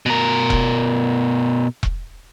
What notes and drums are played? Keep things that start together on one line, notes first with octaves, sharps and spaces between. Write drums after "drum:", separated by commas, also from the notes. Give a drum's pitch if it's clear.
B2 A#4
drum: kick E1
drum: kick E1